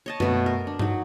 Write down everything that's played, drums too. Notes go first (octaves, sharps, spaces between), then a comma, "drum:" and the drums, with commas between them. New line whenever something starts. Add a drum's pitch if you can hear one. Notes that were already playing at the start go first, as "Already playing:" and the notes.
C#5 D#5 A5
B2 A3 B4, drum: tom F#2
A#4
D4
F#3 D#4, drum: tom G2